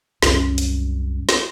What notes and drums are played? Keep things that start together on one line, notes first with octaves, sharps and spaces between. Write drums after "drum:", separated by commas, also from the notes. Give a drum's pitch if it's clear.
C2 F#2 C#4, drum: snare
drum: hi-hat
drum: snare